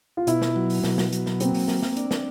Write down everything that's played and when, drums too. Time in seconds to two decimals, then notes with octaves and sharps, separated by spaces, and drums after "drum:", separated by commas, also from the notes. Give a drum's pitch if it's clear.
0.17 F4
0.27 B2 E4, drum: hi-hat
0.42 drum: snare
0.56 F#3
0.70 drum: open hi-hat
0.84 B2, drum: snare
0.98 drum: snare
1.12 F#3, drum: hi-hat
1.26 drum: snare
1.40 A#3 C4, drum: hi-hat
1.54 drum: open hi-hat
1.68 A#3, drum: snare
1.83 drum: snare
1.96 D4, drum: hi-hat
2.11 drum: snare